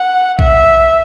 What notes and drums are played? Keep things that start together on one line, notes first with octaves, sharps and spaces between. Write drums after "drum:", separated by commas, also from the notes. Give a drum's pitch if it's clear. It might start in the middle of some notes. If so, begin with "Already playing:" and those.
Already playing: F#5
E5, drum: kick A#1